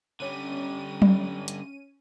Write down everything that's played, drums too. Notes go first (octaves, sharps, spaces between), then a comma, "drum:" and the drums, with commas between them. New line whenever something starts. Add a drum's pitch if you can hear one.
D3 G3 C#4 D#7
drum: tom F#3
drum: hi-hat